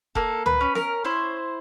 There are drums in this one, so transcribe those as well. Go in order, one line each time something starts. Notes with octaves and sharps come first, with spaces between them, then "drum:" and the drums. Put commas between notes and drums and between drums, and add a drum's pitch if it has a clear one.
A#3 A4, drum: kick F1
B4, drum: tom
C#4
A#4, drum: snare
E4 C5